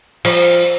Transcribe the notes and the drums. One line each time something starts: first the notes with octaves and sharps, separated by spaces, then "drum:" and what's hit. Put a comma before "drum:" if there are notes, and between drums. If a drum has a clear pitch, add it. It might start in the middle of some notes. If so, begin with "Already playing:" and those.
F3, drum: cymbal